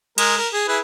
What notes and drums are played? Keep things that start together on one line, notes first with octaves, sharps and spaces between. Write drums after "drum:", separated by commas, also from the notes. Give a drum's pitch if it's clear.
G#3 A#4, drum: cymbal
A#4
G#4
E4 G#4 B4